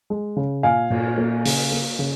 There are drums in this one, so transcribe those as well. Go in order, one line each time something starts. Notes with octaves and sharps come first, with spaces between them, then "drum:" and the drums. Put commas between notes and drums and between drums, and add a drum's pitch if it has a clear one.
G#3
C#3
A#2 F5 G#5
A#2, drum: cymbal
A#3
C#3, drum: open hi-hat
A#3
C#3